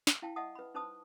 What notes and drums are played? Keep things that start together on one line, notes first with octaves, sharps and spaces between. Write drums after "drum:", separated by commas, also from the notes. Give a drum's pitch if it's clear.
drum: snare
E4 F5 G5 A5
D#5 E5 F#5 A5 D#6
B4 B5
D#4 B4 C5 A5 B5 D#6